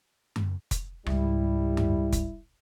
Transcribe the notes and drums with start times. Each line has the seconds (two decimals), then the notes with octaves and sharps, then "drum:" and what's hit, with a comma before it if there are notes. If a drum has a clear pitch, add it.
0.36 drum: tom F#2
0.71 drum: kick F1, hi-hat
1.06 C#2 G#2 G3 E4, drum: rim click
1.77 drum: tom F#2
2.13 drum: kick F1, hi-hat